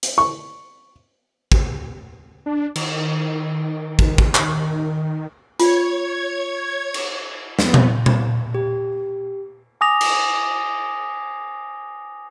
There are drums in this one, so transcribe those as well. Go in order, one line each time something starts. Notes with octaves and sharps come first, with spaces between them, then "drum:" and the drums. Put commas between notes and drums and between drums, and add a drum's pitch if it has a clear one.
drum: hi-hat
C#6
drum: kick
D4
D#3, drum: cymbal
drum: kick
drum: kick
drum: clap
F4 C#5 G#6, drum: hi-hat
drum: cymbal
F2 B3, drum: snare
drum: tom A#2
drum: tom A#2
G4
G#5 D6 D#6 A#6 F7
drum: cymbal